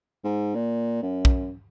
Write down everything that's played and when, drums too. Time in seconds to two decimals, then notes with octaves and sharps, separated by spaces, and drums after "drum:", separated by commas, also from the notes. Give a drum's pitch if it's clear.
0.24 G#2
0.55 A#2
1.02 F#2
1.25 drum: kick